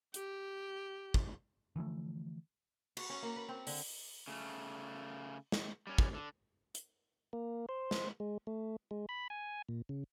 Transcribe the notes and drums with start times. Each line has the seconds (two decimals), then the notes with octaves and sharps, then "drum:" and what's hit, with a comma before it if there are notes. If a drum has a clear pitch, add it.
0.14 G4, drum: hi-hat
1.14 drum: kick
1.76 D3 E3 F3 A3
2.97 F#4, drum: cymbal
3.10 C#4
3.22 A#3
3.36 B4
3.49 C4
3.67 D3, drum: open hi-hat
4.28 C#3 A3
5.52 drum: snare
5.87 G3 C#4
5.98 drum: kick
6.14 D3
6.75 drum: hi-hat
7.33 A#3
7.69 C5
7.91 drum: snare
8.20 G#3
8.47 A3
8.91 G#3
9.09 B5
9.30 G#5
9.69 A#2
9.89 C#3